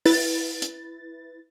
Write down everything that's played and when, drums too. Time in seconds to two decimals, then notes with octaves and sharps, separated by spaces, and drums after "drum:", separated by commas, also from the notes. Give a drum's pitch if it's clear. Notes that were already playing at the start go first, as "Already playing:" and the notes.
0.05 E4 B4 A6, drum: open hi-hat
0.62 drum: hi-hat